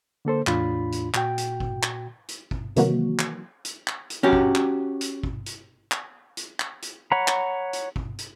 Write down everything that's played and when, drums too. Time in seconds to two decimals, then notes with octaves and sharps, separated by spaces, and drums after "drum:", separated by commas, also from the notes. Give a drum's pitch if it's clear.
0.25 D3 A#3 A4 C5
0.47 E2 A2 D4 F4 B5, drum: clap
0.92 drum: hi-hat
1.14 A#2 F#4 G5, drum: clap
1.38 drum: hi-hat
1.60 drum: kick
1.83 drum: clap
2.28 drum: hi-hat
2.51 drum: kick
2.76 C3 D#3 E3 F#3 A#3 F#4, drum: hi-hat
3.19 drum: clap
3.65 drum: hi-hat
3.87 drum: clap
4.10 drum: hi-hat
4.23 C#4 F#4 G4
4.33 drum: kick
4.55 drum: clap
5.01 drum: hi-hat
5.23 drum: kick
5.46 drum: hi-hat
5.92 drum: clap
6.37 drum: hi-hat
6.60 drum: clap
6.82 drum: hi-hat
7.12 C#5 F#5 A#5 B5
7.28 drum: clap
7.73 drum: hi-hat
7.96 drum: kick
8.18 drum: hi-hat